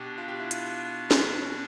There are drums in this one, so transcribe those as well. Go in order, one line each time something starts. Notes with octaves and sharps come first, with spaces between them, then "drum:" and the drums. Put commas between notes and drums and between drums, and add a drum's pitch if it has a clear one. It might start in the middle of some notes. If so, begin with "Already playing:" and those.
Already playing: B2 B3 D4 G4
F4
G4
E4
F4, drum: hi-hat
drum: snare